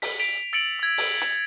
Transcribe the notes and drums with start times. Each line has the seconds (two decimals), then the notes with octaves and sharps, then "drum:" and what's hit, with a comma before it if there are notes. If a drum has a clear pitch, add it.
0.02 B6, drum: open hi-hat
0.19 B6 D7 F7
0.53 E6 A6 C#7 D7 F#7
0.79 E6 G#6
0.98 drum: open hi-hat
1.22 drum: hi-hat